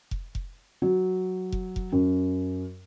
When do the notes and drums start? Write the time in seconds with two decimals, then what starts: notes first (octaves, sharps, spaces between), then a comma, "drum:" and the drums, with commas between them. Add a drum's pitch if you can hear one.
0.11 drum: kick F1
0.35 drum: kick F1
0.82 F#3
1.52 drum: kick F1
1.76 drum: kick F1
1.92 F#2